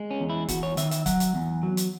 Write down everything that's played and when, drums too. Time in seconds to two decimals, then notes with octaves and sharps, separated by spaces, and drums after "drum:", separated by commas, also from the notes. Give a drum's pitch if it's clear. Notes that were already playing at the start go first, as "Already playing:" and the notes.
Already playing: G#3
0.11 C#4
0.20 E2
0.30 E4
0.48 E2 F#4, drum: kick, hi-hat
0.63 C#5
0.77 D#3 E5, drum: hi-hat
0.91 E5, drum: hi-hat
1.06 F#3 F#5, drum: kick, hi-hat
1.20 drum: hi-hat
1.35 E2
1.63 F#3
1.77 drum: hi-hat